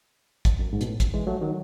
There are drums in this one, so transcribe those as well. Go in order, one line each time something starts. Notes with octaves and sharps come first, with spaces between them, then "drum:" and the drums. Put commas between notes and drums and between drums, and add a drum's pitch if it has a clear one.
drum: kick, hi-hat
F#2
G#2
B2, drum: hi-hat
A2
drum: kick, hi-hat
E3 G#3
F#3 A3
D#3 F#3